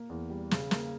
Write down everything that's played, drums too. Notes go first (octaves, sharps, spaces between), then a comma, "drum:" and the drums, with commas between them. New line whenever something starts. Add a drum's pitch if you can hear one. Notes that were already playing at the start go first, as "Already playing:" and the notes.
Already playing: A#3
E2
G3
C#3, drum: snare
A#3, drum: snare